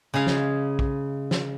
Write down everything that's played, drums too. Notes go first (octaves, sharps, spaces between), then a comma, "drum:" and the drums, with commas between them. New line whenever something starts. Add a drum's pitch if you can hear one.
C#3 G#3 G#4 F5
drum: snare
drum: kick
drum: snare